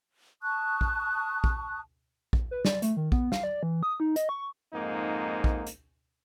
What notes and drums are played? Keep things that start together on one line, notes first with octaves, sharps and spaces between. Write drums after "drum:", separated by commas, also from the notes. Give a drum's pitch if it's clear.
A5 C#6 D#6 F#6
drum: kick A#1
drum: kick A#1
drum: kick A#1
B4
D5, drum: snare
A3, drum: hi-hat
D#3
B3, drum: kick A#1
F5, drum: snare
D5
E3
D#6
D#4
D#5, drum: hi-hat
C#6
F2 G#2 A#3 D#4
drum: kick A#1
drum: hi-hat